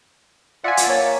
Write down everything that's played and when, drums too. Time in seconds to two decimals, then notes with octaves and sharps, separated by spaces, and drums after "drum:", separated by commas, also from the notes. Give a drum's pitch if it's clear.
0.64 F4 D5 E5 F#5 G#5
0.77 drum: hi-hat
0.87 A#3 C#5 A5